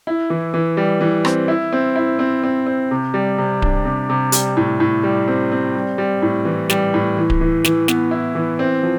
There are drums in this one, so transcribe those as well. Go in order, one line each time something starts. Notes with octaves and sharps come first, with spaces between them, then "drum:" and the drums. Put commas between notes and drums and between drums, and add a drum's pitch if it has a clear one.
E4
E3
E3
G3
E3
C4, drum: rim click
E4
C4
E4
C4
C4
C4
C3
G3
C3
D4, drum: kick D1
C3
C3
G3, drum: hi-hat
A2
A2
G3
C4
C4
G3
G3
A2
E3
G3, drum: snare
A2
E3
drum: kick D1
E3
E3, drum: snare
B3, drum: snare
E4
E3
C4
F3